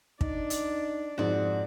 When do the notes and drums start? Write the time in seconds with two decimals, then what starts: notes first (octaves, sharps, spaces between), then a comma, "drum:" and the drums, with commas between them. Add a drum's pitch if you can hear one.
0.21 D4 D#4 D5, drum: kick
0.50 drum: hi-hat
1.18 F2 G#2 F#4 D5